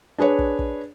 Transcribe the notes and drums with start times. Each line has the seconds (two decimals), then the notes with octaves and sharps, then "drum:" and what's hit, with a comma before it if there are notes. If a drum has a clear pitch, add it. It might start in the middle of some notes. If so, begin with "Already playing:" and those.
0.18 D4 G#4 B4 C#5
0.39 drum: kick
0.59 drum: kick